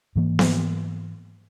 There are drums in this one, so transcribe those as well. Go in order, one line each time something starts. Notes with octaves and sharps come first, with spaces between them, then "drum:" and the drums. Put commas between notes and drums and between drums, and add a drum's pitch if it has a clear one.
G#2 E3 A#3
drum: snare B3